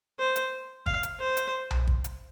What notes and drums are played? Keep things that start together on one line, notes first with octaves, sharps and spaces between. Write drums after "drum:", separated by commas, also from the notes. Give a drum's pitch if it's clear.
C5
drum: hi-hat
F5, drum: kick
drum: hi-hat
C5
drum: hi-hat
drum: tom B1
drum: kick
drum: hi-hat